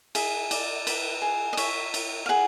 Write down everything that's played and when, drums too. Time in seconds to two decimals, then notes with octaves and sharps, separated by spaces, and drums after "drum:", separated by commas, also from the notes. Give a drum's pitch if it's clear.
0.15 G#4 E5, drum: cymbal
0.51 D5, drum: cymbal
0.87 B4, drum: cymbal
1.22 G#4
1.53 D#5
1.57 C#5 E5, drum: cymbal
1.94 C#5, drum: cymbal
2.26 F5
2.29 G#4 F#5